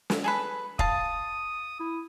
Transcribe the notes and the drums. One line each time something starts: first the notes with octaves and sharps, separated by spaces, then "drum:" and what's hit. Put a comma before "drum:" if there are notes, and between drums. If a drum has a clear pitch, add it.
drum: snare
G#4 A4 B4
F5 A5 D#6, drum: kick
E4